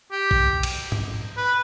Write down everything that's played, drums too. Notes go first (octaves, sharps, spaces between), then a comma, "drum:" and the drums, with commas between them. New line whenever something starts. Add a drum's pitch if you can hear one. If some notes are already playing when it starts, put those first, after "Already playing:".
G4
drum: kick A1
drum: cymbal
drum: tom G#2
B4